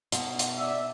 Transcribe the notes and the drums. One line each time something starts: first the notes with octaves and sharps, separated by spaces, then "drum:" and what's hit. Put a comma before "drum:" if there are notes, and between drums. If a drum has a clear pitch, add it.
B2, drum: hi-hat
drum: hi-hat
D5 E5